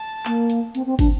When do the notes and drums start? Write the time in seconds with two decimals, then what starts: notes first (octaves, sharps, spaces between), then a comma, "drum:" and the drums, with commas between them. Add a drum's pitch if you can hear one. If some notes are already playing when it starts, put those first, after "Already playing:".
Already playing: A5
0.25 A#3, drum: clap
0.50 drum: hi-hat
0.75 C4, drum: hi-hat
0.86 C4
0.99 D4, drum: kick, open hi-hat